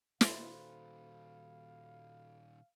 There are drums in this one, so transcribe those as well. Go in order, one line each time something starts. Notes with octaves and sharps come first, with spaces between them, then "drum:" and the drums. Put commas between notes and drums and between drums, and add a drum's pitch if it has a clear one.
A#2 D#3 F#4 A4 C5 F5 B5, drum: snare